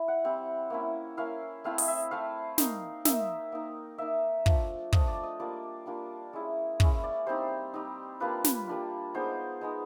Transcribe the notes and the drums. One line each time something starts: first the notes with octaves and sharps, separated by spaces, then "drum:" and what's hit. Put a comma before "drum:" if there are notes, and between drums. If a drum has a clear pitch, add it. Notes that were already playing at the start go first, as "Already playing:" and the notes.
Already playing: E4
F#5
G3 C4 E4
A#3 C#4 E4
A#3 C#4 E4 F5
A3 C4 E4 F5
D#5, drum: open hi-hat
E5
A3 C4 E4 F5
A#3 D#4, drum: snare
A#3 D#4 E5, drum: snare
A#3 D#4
A#3 D#4 E5
F3 A3 D4, drum: kick
F3 A3 D4 D#5, drum: kick
D5
D#5
G3 A#3 D4 F4 D5
G3 A#3 D4 F4
G#3 C#4 E4
G#3 C#4 E4, drum: kick
D5
G3 C4 D#4 C5
G3 C4 D#4
G3 A#3 D4 F4 B4
drum: snare
G3 A#3 D4 F4
G#3 B3 D#4 C5
G#3 B3 D#4